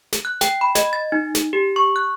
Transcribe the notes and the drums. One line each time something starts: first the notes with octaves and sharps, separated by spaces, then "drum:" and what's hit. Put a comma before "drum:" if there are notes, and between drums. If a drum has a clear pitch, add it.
drum: snare
F#6
G5, drum: snare
B5
D#5, drum: snare
A6
D#4
drum: snare
G4
C#6
F#6